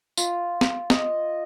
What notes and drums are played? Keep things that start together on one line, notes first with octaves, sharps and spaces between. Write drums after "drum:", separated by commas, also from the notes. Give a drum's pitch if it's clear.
F4, drum: tambourine
drum: snare
D#5, drum: snare